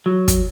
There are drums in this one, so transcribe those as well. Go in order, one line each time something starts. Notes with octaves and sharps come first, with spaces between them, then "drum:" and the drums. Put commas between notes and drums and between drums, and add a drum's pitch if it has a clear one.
F#3
drum: kick, hi-hat